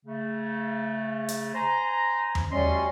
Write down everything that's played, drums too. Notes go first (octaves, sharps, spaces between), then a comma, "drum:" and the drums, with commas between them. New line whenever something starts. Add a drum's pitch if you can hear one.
C#3 A3
drum: hi-hat
C5 G#5 A#5
drum: tom E2
D2 G3 C#4 D#5 C6